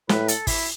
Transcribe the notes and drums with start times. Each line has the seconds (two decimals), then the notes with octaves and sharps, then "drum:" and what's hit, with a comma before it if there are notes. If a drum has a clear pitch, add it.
0.09 A2 B4, drum: snare
0.28 A4, drum: hi-hat
0.47 E4, drum: kick, open hi-hat